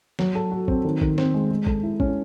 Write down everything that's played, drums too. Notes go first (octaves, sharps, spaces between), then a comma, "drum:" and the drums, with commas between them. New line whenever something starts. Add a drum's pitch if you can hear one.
F#3, drum: snare
A4
F#4
C4, drum: kick G#1
D#3
D#3, drum: kick G#1
C4, drum: snare
G#3
G#3
A4, drum: kick G#1
E4
C#4, drum: kick G#1